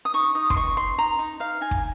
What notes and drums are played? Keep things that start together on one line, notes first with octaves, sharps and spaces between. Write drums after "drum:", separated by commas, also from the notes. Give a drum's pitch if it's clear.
D#6
D#4 C#6
D#4 D#6
C6, drum: kick
D#5 C#6
D#4 C6
D#4 A#5
D#4
D#4 F5
D#4 G#5
drum: kick